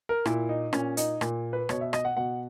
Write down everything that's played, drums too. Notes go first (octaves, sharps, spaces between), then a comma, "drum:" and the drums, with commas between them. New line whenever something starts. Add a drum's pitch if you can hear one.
A#4
A#2 E4, drum: rim click
D#4
A#2 C#4, drum: rim click
D#4, drum: hi-hat
A#2, drum: rim click
B4
B2 C#5, drum: rim click
E5
D#5, drum: rim click
F#5
B2 F#5